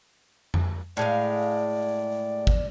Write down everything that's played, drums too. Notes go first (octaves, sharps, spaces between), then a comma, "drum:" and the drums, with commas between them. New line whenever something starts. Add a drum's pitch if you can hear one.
drum: tom F2
A2 G#3 D5 F5
drum: kick